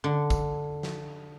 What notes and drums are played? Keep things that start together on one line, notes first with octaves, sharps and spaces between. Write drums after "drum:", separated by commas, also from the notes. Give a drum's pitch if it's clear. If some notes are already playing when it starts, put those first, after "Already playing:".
D3
drum: kick, tambourine
drum: snare